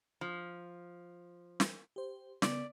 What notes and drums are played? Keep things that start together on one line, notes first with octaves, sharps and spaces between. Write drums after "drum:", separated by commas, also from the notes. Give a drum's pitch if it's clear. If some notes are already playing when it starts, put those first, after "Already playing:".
F3
drum: snare
G4 C5
C#3 B3 D5, drum: snare